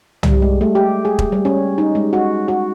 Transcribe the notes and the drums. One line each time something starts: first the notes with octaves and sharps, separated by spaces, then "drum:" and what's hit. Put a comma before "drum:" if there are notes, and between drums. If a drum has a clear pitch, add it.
G3, drum: tom
G#3
A3
G4
G#4
drum: kick E1
G3
C#4
D#4
G#3
F#4
F#4